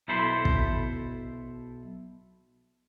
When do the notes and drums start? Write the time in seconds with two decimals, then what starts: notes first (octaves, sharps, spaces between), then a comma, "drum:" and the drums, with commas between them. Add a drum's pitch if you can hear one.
0.08 B1 B2 E4 A4 C5 B5
0.45 drum: kick